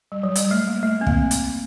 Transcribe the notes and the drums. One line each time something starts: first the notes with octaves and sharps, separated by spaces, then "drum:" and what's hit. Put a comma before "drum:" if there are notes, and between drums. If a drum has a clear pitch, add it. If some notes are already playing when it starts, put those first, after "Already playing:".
G3
F#3
G3, drum: hi-hat
A3
A#3
A3
C4
A#3, drum: kick
drum: hi-hat